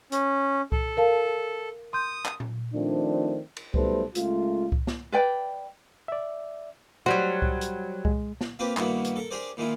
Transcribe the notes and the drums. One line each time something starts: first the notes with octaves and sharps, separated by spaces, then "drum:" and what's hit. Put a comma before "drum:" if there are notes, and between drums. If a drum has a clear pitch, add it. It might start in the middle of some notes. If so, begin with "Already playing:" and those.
C#4, drum: hi-hat
A4, drum: kick C2
A#4 F5 A5
C6 D#6 G6
drum: clap
drum: tom A#2
D#3 F3 A3 C4 D4
drum: cymbal
B1 G3 A3 A4 B4 C5, drum: kick C2
C#2 G#3 A3 F4, drum: hi-hat
drum: kick C2
drum: snare
B4 D5 G5
D5 E5
F#3 G3 F#4 C5 C6
drum: kick C2
drum: hi-hat
G#3, drum: kick C2
drum: snare
A#3 C4 F4 G4 B4
G2 B2 D#3 A#3 E4 F#4, drum: clap
drum: hi-hat
A4 A#4
D4 G4 G#4 A#4 C5 D5
A#2 D#3 G#3 E4 F4